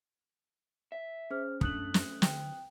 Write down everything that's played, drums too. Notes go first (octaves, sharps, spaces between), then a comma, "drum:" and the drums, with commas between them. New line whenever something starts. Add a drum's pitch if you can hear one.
E5
C#4 G#4 C5 F6
F#2 A3 D4 D#6 F#6 F#7, drum: kick
drum: snare
D3 G5, drum: snare